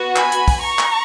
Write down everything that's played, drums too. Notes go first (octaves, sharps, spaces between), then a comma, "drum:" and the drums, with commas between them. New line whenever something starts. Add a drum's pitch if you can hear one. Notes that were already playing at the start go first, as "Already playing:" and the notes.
Already playing: B3 F#4
G#5 B5, drum: clap
drum: hi-hat
drum: kick, open hi-hat
A#5 C#6
drum: clap